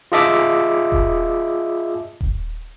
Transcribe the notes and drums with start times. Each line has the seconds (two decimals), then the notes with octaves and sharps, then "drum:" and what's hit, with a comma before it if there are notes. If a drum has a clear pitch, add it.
0.12 F4 G#4 D#5 E5 A5 D6
0.92 drum: kick D#1
2.21 drum: kick D#1